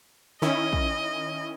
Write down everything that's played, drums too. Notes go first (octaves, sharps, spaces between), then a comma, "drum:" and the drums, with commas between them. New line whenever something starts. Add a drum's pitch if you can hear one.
D#3 C#4 E4 D#5
drum: kick